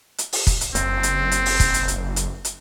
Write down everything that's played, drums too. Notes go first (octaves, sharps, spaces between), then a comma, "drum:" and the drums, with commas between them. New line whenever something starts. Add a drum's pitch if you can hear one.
drum: hi-hat
drum: open hi-hat
drum: kick, hi-hat
drum: hi-hat
F#1 C4, drum: hi-hat
drum: hi-hat
drum: hi-hat
drum: open hi-hat
drum: kick, hi-hat
drum: hi-hat
drum: hi-hat
drum: hi-hat
drum: hi-hat